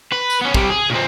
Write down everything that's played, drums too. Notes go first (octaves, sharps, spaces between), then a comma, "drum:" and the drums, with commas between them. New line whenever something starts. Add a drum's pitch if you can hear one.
B4
drum: tambourine
B3 C#4
C3 G3, drum: kick
G#4
A#2 C4